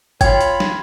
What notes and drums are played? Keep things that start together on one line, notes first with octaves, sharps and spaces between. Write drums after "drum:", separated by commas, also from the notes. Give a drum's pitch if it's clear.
F4 C#5 G5 B5 G#6, drum: kick, hi-hat
drum: hi-hat
drum: snare